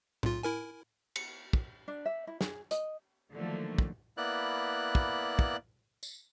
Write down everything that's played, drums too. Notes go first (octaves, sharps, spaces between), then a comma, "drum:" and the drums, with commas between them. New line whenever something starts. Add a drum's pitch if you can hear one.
B1 F4, drum: tom A2
E4 A#4 G#5
C#7, drum: cymbal
drum: kick
D4
E5
E4
G#4, drum: snare
D#5, drum: hi-hat
D3 D#3 F3 F#3 A3 A#3
drum: kick
A#3 B3 E4 D5 F#6
drum: kick
drum: kick
drum: tambourine